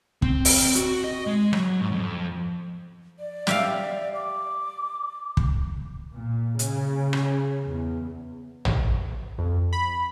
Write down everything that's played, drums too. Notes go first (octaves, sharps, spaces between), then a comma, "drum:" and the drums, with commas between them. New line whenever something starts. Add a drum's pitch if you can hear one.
C4, drum: kick
drum: open hi-hat
F#4, drum: hi-hat
D#5
G#3
F#3, drum: rim click
G#2
F2
D5
G4 E5 F5, drum: snare
D6
drum: kick
A#2
C#3, drum: hi-hat
drum: rim click
E2
drum: tom
F2
B5